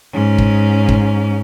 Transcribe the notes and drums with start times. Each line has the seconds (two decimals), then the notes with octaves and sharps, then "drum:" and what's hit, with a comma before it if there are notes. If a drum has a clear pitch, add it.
0.13 G#2 C#4
0.38 drum: kick
0.89 drum: kick